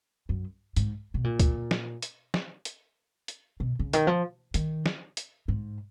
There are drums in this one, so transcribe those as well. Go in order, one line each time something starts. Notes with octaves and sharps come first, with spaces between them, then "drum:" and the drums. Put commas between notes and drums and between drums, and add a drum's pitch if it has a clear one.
F#2
G#2, drum: hi-hat
B2
A#2
drum: kick, hi-hat
drum: snare
drum: hi-hat
drum: snare
drum: hi-hat
drum: hi-hat
B2
C#3
D#3, drum: hi-hat
F3
D#3, drum: hi-hat
drum: snare
drum: hi-hat
G#2